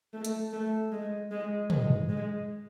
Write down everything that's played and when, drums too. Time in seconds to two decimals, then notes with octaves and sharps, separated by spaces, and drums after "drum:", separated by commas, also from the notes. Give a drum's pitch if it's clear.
0.14 A3
0.25 drum: hi-hat
0.53 A3
0.92 G#3
1.31 G#3
1.70 G#3, drum: tom
2.09 G#3